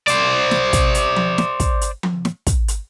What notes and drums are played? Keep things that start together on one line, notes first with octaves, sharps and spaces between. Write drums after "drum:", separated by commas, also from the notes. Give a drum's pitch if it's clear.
C5 D5, drum: hi-hat
drum: snare
drum: kick, hi-hat
drum: hi-hat
drum: tom F3
drum: snare
drum: kick, hi-hat
drum: hi-hat
drum: tom F3
drum: snare
drum: kick, hi-hat
drum: hi-hat